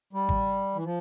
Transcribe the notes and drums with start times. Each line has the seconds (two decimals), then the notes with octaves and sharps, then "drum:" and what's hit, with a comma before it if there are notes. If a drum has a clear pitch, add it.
0.13 G3
0.29 drum: kick G#1
0.75 E3
0.84 F3